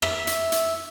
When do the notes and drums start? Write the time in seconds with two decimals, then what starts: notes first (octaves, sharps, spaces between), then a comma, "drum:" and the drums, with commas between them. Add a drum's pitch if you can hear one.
0.02 E5, drum: rim click
0.27 drum: hi-hat
0.52 drum: hi-hat